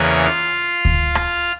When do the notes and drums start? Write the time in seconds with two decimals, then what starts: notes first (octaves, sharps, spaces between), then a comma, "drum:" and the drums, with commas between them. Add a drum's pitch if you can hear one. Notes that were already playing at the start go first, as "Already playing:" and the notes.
Already playing: E2 C#3 E3 A#3 C#4 C#5
0.24 F4 F5
0.85 drum: kick D2
1.15 drum: rim click